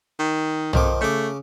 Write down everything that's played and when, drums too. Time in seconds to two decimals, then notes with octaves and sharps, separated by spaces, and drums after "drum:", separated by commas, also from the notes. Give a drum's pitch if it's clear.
0.19 D#3
0.73 F2 D#3 F3 D6, drum: tom
1.01 C#3 A3 D6